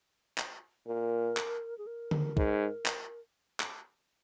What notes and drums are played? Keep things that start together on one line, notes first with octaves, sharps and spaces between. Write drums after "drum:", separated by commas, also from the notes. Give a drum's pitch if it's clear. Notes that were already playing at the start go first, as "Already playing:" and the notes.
drum: clap
A#2 A#4
drum: clap
G#4
A#4
drum: tom D3
G#2, drum: kick
drum: clap
drum: clap